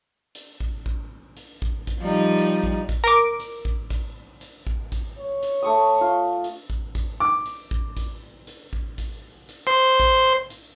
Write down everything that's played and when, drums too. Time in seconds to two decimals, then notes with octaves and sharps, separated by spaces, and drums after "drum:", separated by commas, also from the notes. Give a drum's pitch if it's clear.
0.35 drum: hi-hat
0.60 drum: kick A1
0.86 drum: kick A1
1.37 drum: hi-hat
1.62 drum: kick A1
1.87 drum: kick A1, hi-hat
2.00 F3 G3 D#4
2.38 drum: hi-hat
2.64 drum: kick A1
2.89 drum: kick A1, hi-hat
3.04 A#4 D6
3.40 drum: hi-hat
3.65 drum: kick A1
3.90 drum: kick A1, hi-hat
4.41 drum: hi-hat
4.67 drum: kick A1
4.92 drum: kick A1, hi-hat
5.19 C#5
5.43 drum: hi-hat
5.63 A3 C#6 D#6
6.01 F4
6.44 drum: hi-hat
6.70 drum: kick A1
6.95 drum: kick A1, hi-hat
7.20 D6
7.46 drum: hi-hat
7.71 drum: kick A1
7.97 drum: kick A1, hi-hat
8.47 drum: hi-hat
8.73 drum: kick A1
8.98 drum: kick A1, hi-hat
9.49 drum: hi-hat
9.67 C5
10.00 drum: kick A1, hi-hat
10.50 drum: hi-hat